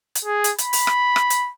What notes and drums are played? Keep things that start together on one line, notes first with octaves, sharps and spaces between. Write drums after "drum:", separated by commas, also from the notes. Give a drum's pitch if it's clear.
drum: hi-hat
G#4
drum: hi-hat
B5, drum: hi-hat
drum: open hi-hat
drum: rim click
drum: rim click
drum: hi-hat